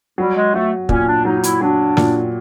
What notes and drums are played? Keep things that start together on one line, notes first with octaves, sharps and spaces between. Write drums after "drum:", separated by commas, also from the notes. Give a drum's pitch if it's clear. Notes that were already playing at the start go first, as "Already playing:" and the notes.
F#3 G3
G#3
F#3 A3
A#2 C#4, drum: kick
D4
F#3 D#4
D#4
E4, drum: hi-hat
F#3 D4
A#2, drum: snare